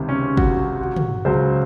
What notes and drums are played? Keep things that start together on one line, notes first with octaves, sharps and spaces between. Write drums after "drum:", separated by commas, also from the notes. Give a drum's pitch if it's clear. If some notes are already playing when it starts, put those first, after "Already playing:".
Already playing: C#2 C3 D#3
C#4
F#4, drum: kick
F#4
drum: tom
C#2 C#3 F#3 C5